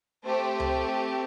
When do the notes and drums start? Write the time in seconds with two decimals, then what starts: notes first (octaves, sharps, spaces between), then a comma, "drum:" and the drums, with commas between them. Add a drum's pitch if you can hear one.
0.24 A3 C4 G4 C5
0.60 drum: tom C#2